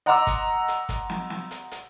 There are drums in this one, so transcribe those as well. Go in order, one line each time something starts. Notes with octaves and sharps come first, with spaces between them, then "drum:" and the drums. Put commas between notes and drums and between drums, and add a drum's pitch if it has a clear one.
D#5 F#5 A#5 C6 D6 E6
drum: kick, hi-hat
drum: hi-hat
drum: kick, hi-hat
drum: snare
drum: snare
drum: hi-hat
drum: hi-hat